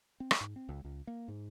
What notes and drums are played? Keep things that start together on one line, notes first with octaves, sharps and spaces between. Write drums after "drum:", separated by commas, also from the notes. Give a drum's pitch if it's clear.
C4
drum: rim click
G#2
C4
C#2
C#2
A#3
G#2